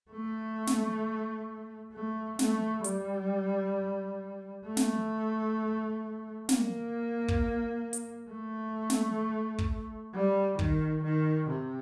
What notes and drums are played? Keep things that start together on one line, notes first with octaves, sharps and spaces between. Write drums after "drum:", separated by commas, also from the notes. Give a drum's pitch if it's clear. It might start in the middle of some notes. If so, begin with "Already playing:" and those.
A3
drum: snare
A3
A3, drum: snare
G3, drum: hi-hat
A3
drum: snare
A#3, drum: snare
drum: kick
drum: hi-hat
A3
drum: snare
drum: kick
G3
D#3, drum: kick
D#3
C3